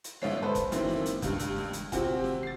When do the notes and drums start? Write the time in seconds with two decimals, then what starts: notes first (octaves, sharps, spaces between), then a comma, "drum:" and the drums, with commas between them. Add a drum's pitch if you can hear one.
0.04 drum: hi-hat
0.22 G1 G#2 C#4 C#5 E5 C7, drum: snare
0.42 A4 B4 C5
0.55 drum: kick F1, hi-hat
0.72 F#2 D#3 E3 A#3 C4 E4, drum: hi-hat
0.89 drum: snare
1.06 drum: hi-hat
1.22 C#2 G2, drum: kick F1, hi-hat
1.39 drum: hi-hat
1.56 drum: snare
1.73 drum: hi-hat
1.92 C3 C4 F4 F#4, drum: kick F1, hi-hat
2.24 drum: snare
2.43 A6 C7